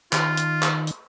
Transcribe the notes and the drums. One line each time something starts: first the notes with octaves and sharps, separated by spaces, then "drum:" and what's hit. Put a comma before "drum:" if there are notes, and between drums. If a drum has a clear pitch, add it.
D#3 F4, drum: clap
drum: hi-hat
drum: clap
drum: hi-hat